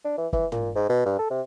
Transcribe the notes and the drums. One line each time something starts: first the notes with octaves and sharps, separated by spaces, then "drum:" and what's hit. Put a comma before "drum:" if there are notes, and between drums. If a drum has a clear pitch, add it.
D4
E3
E3, drum: kick
A#2, drum: tom
G#2
B2
G2
A4
C3